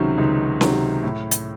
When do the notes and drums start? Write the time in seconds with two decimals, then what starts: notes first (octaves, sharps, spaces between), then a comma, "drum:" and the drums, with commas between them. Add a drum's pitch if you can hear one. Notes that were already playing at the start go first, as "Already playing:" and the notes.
Already playing: C#2 C3 D#3 F#3 C#4
0.18 C#2 D#4
0.61 C3 D#3 F#3, drum: snare C#4
1.03 A2
1.31 drum: hi-hat